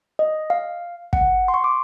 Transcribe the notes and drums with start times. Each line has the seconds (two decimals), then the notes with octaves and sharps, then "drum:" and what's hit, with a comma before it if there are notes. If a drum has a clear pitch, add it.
0.19 D#5
0.50 F5
1.13 F#5, drum: kick
1.48 C6
1.54 C#6
1.64 D6